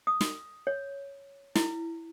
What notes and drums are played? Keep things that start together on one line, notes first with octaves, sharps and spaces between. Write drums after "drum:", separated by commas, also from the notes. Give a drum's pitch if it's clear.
D#6
drum: snare
C#5
E4, drum: snare